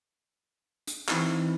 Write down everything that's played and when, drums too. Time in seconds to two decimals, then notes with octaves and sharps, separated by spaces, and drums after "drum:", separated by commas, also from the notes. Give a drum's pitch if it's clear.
0.87 drum: hi-hat
1.09 E3 C4 D#4 E4, drum: clap